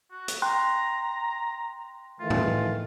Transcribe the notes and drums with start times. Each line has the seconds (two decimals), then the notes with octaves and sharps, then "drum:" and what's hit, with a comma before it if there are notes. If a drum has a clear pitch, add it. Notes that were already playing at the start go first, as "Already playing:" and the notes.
0.11 F#4
0.28 drum: hi-hat
0.42 G5 A#5 C6 F#6
2.20 D#3 E3 A3 F4
2.30 drum: tom